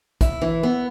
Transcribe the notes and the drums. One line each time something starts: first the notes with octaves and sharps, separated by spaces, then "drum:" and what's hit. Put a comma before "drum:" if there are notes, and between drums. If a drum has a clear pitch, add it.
E4, drum: kick, hi-hat
E3
B3